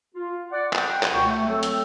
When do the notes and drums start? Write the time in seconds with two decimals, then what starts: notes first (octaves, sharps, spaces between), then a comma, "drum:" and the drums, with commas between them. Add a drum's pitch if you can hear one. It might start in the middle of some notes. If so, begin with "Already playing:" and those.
0.15 F4
0.51 D5 F#5
0.73 F#5 G5, drum: clap
1.03 drum: clap
1.14 C#2 B2 G5 C#6
1.27 A3
1.48 F#3 C4 A4
1.63 drum: hi-hat